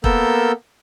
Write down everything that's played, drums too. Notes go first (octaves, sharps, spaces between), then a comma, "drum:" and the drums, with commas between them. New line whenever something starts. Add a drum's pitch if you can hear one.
A#3 B3 A4 A#4 E6 G6, drum: kick